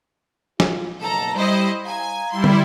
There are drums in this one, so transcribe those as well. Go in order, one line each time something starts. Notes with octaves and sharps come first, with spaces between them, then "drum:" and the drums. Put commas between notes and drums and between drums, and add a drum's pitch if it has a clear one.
F4, drum: snare
F#1 F#2 B2 A4 A#5
G3 E4 C5 D#5
F5 G#5 A#5
G3 E4 C6
drum: tom